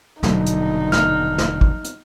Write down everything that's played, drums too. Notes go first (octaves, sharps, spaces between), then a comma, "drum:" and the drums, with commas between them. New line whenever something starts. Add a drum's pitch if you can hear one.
D#1 B2 D3 F#3 A#3 D#4, drum: snare
drum: hi-hat
F6, drum: snare
drum: snare
drum: kick
drum: hi-hat